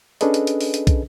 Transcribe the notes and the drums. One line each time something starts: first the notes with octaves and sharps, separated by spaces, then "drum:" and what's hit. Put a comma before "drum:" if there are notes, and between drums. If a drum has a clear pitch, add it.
C#4 D4 G#4 A4 B4 D#5, drum: hi-hat
drum: hi-hat
drum: hi-hat
drum: open hi-hat
drum: hi-hat
drum: kick, hi-hat